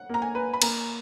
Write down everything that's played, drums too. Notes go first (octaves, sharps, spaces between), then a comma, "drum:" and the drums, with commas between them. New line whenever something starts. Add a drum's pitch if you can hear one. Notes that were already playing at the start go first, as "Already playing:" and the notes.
Already playing: F#5
A#3 A#5
G#5
B4
B5
A#3 A#5, drum: cymbal